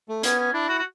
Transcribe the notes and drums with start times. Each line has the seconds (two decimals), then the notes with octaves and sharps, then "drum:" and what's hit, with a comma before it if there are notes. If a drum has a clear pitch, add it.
0.09 A3
0.23 B3 C#4, drum: hi-hat
0.38 C#4
0.53 D4 E4
0.68 F#4
0.78 F#4